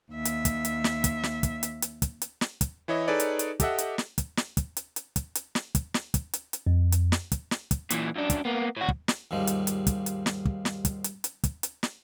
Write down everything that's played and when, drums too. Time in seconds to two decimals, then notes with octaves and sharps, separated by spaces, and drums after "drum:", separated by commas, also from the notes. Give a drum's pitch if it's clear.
0.12 D#2 E5
0.25 drum: hi-hat
0.45 drum: kick, hi-hat
0.65 drum: hi-hat
0.84 drum: snare
1.04 drum: kick, hi-hat
1.23 drum: snare
1.43 drum: kick, hi-hat
1.63 drum: hi-hat
1.82 drum: hi-hat
2.02 drum: kick, hi-hat
2.22 drum: hi-hat
2.41 drum: snare
2.61 drum: kick, hi-hat
2.88 E3 E4 C#5 D#5
3.08 D#4 G#4 A4 B4 C#5 D5
3.20 drum: hi-hat
3.39 drum: hi-hat
3.60 G4 A4 D#5 E5 F#5, drum: kick, hi-hat
3.78 drum: hi-hat
3.98 drum: snare
4.18 drum: kick, hi-hat
4.37 drum: snare
4.57 drum: kick, hi-hat
4.77 drum: hi-hat
4.96 drum: hi-hat
5.16 drum: kick, hi-hat
5.35 drum: hi-hat
5.55 drum: snare
5.75 drum: kick, hi-hat
5.94 drum: snare
6.14 drum: kick, hi-hat
6.33 drum: hi-hat
6.53 drum: hi-hat
6.67 F2
6.92 drum: hi-hat
7.12 drum: snare
7.32 drum: kick, hi-hat
7.51 drum: snare
7.71 drum: kick, hi-hat
7.90 A#2 E3, drum: hi-hat
8.16 F#2 D4
8.30 drum: kick, hi-hat
8.45 A#3 B3
8.77 A2 F#4
8.89 drum: kick
9.08 drum: snare
9.31 D#2 G#2 F3 G3
9.47 drum: hi-hat
9.67 drum: hi-hat
9.87 drum: kick, hi-hat
10.06 drum: hi-hat
10.26 drum: snare
10.45 drum: kick
10.65 drum: snare
10.85 drum: kick, hi-hat
11.04 drum: hi-hat
11.24 drum: hi-hat
11.44 drum: kick, hi-hat
11.63 drum: hi-hat
11.83 drum: snare